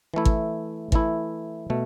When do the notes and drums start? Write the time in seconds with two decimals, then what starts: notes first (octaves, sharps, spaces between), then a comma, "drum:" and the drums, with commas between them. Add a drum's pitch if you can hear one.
0.14 E3 A3 E4
0.25 drum: kick
0.92 E3 A3 E4, drum: kick
1.70 B2 A3